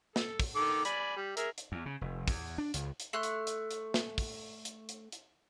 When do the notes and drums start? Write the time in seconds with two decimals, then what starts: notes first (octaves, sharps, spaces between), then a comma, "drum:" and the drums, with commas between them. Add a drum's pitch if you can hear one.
0.16 A4, drum: snare
0.40 drum: kick, open hi-hat
0.56 D#3 A4 D6
0.85 D5 G#5 B5, drum: hi-hat
1.16 G3
1.37 G#4 A#4 E5, drum: hi-hat
1.58 drum: hi-hat
1.72 E2
1.86 C#3
2.01 F1
2.28 E2, drum: kick, open hi-hat
2.58 D4
2.74 C#2, drum: hi-hat
3.00 drum: hi-hat
3.13 A3 C6 F#6
3.23 drum: hi-hat
3.47 drum: hi-hat
3.71 drum: hi-hat
3.94 drum: snare
4.18 drum: kick, open hi-hat
4.65 drum: hi-hat
4.89 drum: hi-hat
5.12 drum: hi-hat